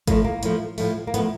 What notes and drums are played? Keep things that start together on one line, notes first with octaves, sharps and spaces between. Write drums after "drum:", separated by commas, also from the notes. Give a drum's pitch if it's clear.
A2 F3 A3 A#3, drum: kick G#1, hi-hat
A#3
A2 F3 A3, drum: hi-hat
A2 F3 A3, drum: open hi-hat
A#3
A2 F3 A3 B3, drum: hi-hat